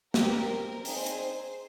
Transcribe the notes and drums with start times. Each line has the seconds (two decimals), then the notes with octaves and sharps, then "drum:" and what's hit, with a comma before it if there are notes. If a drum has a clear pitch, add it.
0.14 C4 G4 A#4, drum: snare
0.85 C4 D#4 G#4 C5, drum: open hi-hat
1.06 drum: hi-hat